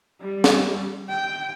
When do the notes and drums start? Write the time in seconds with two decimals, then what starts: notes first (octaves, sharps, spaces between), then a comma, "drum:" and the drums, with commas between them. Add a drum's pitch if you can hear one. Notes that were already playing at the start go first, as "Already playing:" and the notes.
0.21 G3
0.44 drum: snare
1.09 G5